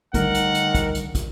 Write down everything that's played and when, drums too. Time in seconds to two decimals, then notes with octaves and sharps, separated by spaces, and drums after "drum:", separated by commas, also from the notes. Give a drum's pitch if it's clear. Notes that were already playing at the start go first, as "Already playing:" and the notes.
0.14 D3 D#3 G3 A3 A#4 F#5, drum: kick, hi-hat
0.34 drum: hi-hat
0.55 drum: hi-hat
0.75 drum: kick, hi-hat
0.95 drum: hi-hat
1.15 drum: kick, hi-hat